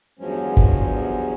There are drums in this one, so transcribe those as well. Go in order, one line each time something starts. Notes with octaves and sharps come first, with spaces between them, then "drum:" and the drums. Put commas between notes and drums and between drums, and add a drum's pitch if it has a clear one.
E2 G2 F3 F#3 G#3 C#4
drum: kick